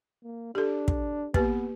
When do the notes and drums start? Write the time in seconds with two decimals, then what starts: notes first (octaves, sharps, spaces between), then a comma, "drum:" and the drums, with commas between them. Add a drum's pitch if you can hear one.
0.24 A#3
0.55 D4 G4 A4
0.88 drum: kick
1.34 A#3 B3 G4 B4, drum: kick